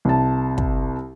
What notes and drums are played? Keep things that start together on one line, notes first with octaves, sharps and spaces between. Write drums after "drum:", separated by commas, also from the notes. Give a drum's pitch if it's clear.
C2 A5
drum: kick